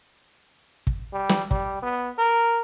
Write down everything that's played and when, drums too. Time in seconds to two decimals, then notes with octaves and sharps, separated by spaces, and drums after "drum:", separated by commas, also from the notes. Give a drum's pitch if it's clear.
0.87 drum: kick
1.13 G3
1.29 drum: snare
1.51 G3, drum: kick
1.82 B3
2.18 A#4